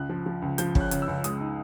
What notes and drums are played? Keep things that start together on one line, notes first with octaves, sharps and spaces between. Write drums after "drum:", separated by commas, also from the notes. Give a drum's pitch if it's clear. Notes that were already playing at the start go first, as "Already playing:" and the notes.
Already playing: C#2 F#6
F3
F3
C#2
F3 G6, drum: hi-hat
C#3, drum: kick
F#6
C#3, drum: hi-hat
E6
C#2
G#3 D#6, drum: hi-hat
D#4